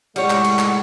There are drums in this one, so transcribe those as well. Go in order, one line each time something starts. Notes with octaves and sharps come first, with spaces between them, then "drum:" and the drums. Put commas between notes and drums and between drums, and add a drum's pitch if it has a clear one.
A2 C3 G3 G#3 C#5 F#5, drum: cymbal
drum: clap
drum: cymbal
drum: clap